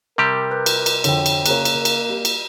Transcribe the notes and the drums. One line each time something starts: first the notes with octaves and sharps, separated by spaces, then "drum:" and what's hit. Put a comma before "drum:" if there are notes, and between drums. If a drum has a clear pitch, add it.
C3 G3 G4 A#4
B4 F#6 G6
drum: cymbal
drum: cymbal
F2 D3 C#5 G5, drum: cymbal
drum: cymbal
C#3 A#3 C#4 A#4 A#5 F#6, drum: cymbal
drum: cymbal
drum: cymbal
G3
drum: cymbal